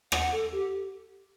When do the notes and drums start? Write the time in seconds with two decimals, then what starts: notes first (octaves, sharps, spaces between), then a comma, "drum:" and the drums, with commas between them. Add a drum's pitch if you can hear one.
0.12 F#5, drum: rim click
0.32 A4
0.52 G4